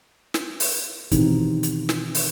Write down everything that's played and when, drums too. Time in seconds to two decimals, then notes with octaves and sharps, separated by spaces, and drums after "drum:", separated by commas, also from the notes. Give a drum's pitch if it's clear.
0.34 drum: snare
0.60 drum: open hi-hat
1.11 B2 D#3 E3 C4 D#4 G4, drum: kick, hi-hat
1.63 drum: hi-hat
1.89 drum: snare
2.15 drum: open hi-hat